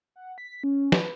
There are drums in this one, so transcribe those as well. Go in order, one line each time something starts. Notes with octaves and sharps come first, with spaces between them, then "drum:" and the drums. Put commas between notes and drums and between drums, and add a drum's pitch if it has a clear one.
F#5
B6
C#4
B4, drum: snare